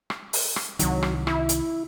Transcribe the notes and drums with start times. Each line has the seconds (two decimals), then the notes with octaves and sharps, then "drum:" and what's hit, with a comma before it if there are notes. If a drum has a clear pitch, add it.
0.10 drum: rim click
0.33 drum: open hi-hat
0.56 drum: rim click
0.79 C2 D#3 F#3, drum: hi-hat
1.03 drum: rim click
1.27 E4, drum: rim click
1.49 drum: hi-hat